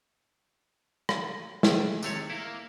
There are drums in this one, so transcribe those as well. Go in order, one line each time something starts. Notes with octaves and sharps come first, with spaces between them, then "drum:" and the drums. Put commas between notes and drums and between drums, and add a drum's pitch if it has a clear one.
drum: rim click
drum: snare
C3 D#3 G#3 A3 C#5, drum: tambourine
A#3 E4